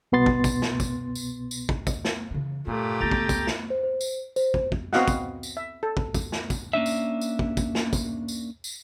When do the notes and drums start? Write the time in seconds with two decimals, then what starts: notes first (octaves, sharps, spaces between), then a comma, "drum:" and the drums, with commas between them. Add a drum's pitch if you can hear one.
0.12 C2 B2 B3 C6 A6
0.26 drum: kick
0.44 drum: kick, tambourine
0.62 drum: snare
0.80 drum: kick, tambourine
1.15 drum: tambourine
1.51 drum: tambourine
1.69 drum: kick
1.87 drum: kick, tambourine
2.05 drum: snare
2.31 C#3 E3
2.67 G2 A#2 A3 G4
3.01 C#2 B3 G5 A#5 A6
3.11 drum: kick
3.29 drum: kick, tambourine
3.47 drum: snare
3.70 C5
3.83 C5
4.01 drum: tambourine
4.36 C5, drum: tambourine
4.54 drum: kick
4.72 drum: kick
4.93 B3 C4 F#4 D#5 F5 F#5, drum: snare
5.08 drum: kick, tambourine
5.43 drum: tambourine
5.57 E5
5.83 A4
5.97 drum: kick
6.14 drum: kick, tambourine
6.32 drum: snare
6.50 drum: kick, tambourine
6.73 A#3 C#4 D4 E5
6.86 drum: tambourine
7.21 drum: tambourine
7.39 drum: kick
7.57 drum: kick, tambourine
7.75 drum: snare
7.93 drum: kick, tambourine
8.28 drum: tambourine
8.64 drum: tambourine